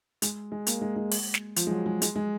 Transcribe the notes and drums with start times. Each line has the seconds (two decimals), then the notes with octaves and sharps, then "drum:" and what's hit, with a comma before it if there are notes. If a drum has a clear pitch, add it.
0.22 G#3, drum: hi-hat
0.52 G#3
0.67 A#3, drum: hi-hat
0.81 G#3
0.96 G#3
1.11 drum: open hi-hat
1.34 drum: snare
1.56 F3, drum: hi-hat
1.67 G#3
1.71 F#3
1.86 G#3
2.02 G#3, drum: hi-hat
2.16 G#3